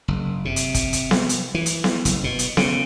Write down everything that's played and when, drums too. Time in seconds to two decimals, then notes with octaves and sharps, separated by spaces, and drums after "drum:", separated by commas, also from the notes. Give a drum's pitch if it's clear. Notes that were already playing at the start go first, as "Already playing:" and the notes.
0.08 F#1
0.45 C3
0.56 drum: hi-hat
0.74 drum: kick, hi-hat
0.93 drum: hi-hat
1.11 drum: snare B3
1.29 drum: hi-hat
1.55 E3
1.66 drum: hi-hat
1.84 drum: snare B3
2.05 F#1, drum: hi-hat
2.24 B2
2.39 drum: hi-hat
2.57 C#3, drum: snare B3